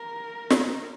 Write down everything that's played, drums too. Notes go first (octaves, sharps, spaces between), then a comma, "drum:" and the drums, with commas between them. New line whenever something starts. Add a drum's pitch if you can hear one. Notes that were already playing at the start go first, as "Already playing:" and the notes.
Already playing: A#4
drum: snare